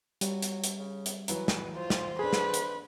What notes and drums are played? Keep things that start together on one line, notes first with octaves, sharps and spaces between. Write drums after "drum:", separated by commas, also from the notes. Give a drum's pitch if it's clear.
F#3 G3, drum: hi-hat
drum: hi-hat
drum: hi-hat
C#3
drum: hi-hat
E3 F#3 B4 A#5, drum: hi-hat
drum: snare
F4 C5
drum: snare
D4 G#4 A4 B4
drum: snare
drum: hi-hat